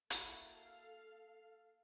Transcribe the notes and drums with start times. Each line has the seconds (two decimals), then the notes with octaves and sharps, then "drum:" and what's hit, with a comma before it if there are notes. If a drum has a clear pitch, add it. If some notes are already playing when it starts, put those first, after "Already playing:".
0.10 A#3 E4 F#4 A4 F5, drum: hi-hat